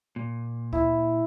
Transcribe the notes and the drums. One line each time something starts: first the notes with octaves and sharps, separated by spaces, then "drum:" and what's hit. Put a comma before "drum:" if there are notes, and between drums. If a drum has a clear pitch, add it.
A#2
E4, drum: kick D2